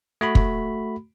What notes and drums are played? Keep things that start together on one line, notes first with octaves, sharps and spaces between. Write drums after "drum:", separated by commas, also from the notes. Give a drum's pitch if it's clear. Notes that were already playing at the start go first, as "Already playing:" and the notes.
A3 F#4 B5
drum: kick